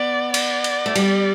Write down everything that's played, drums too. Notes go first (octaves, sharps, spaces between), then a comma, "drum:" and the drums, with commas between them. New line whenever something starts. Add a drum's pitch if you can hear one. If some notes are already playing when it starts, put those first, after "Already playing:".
Already playing: B3 D5
D5, drum: cymbal
drum: cymbal
A3
G3, drum: cymbal